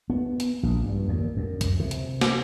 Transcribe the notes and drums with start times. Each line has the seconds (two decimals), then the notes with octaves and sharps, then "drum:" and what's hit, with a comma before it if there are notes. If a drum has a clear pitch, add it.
0.10 B3
0.40 drum: hi-hat
0.63 A#1
0.86 G2
1.08 D#2
1.37 F#2
1.61 drum: kick C2, hi-hat
1.80 C3
1.91 drum: hi-hat
2.21 drum: snare